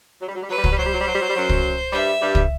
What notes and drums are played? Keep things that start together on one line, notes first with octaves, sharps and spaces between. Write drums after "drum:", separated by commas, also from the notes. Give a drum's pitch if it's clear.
F#3
G3
F#3
G3
F#3 B4
G3
F#3, drum: kick
G3
F#3 C5
G3
F#3
G3
F#3
G3
F#3
G3
F#2 F#3
drum: kick
G2 G3 E5
G2 G3
drum: kick